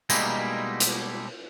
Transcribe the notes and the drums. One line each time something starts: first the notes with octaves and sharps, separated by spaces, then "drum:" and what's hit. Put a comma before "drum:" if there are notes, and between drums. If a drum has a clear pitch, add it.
B2 G3 G#3 A#3 D#4 E4, drum: tambourine
drum: hi-hat